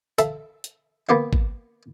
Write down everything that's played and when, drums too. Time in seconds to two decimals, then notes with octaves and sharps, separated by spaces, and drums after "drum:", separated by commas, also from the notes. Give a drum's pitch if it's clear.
0.18 A4 E5 F5, drum: hi-hat
0.64 drum: hi-hat
1.09 A#3 B3 G4 F5
1.33 drum: kick